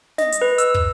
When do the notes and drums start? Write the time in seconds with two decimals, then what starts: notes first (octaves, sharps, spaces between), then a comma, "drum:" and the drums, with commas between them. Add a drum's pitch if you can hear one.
0.18 D#5, drum: snare
0.32 drum: hi-hat
0.42 B4
0.58 E6, drum: hi-hat
0.74 drum: kick